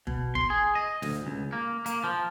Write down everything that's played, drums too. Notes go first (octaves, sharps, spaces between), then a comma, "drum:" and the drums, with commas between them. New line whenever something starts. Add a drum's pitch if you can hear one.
B2, drum: kick
C6, drum: kick
G#4
D#5
D2, drum: snare
C#2
A#3
A#3, drum: hi-hat
F3